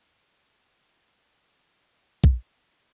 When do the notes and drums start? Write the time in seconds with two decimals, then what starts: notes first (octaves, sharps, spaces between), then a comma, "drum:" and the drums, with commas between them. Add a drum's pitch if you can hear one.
0.12 C6 F6 C7 D7
1.34 D#2 C#6
2.24 drum: kick
2.36 F#2 B2 G#4 F6